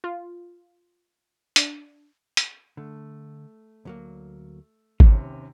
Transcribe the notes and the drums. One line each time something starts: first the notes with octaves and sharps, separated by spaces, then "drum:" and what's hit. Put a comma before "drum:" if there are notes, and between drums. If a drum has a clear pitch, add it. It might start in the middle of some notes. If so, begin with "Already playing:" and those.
F4
D4, drum: hi-hat
drum: hi-hat
D3 A3
D2 F#3 A#3
D#2 C3 C#4, drum: kick G#1